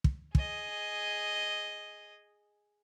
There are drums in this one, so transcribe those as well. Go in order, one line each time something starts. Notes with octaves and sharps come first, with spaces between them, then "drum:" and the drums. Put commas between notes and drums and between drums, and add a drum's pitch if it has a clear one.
drum: kick
G#4 D#5, drum: kick